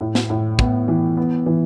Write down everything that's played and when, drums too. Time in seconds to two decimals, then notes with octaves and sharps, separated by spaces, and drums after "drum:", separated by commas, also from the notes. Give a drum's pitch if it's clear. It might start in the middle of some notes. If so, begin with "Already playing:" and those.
0.01 A2
0.15 drum: snare
0.30 A2
0.59 B3, drum: kick
0.88 E3
1.17 B3
1.46 E3